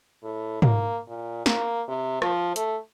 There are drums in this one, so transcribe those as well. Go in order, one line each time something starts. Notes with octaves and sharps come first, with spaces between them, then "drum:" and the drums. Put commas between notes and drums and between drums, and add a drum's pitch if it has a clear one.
A2
A#3, drum: tom
A#2
A#3, drum: snare
C3
F3, drum: rim click
A3, drum: hi-hat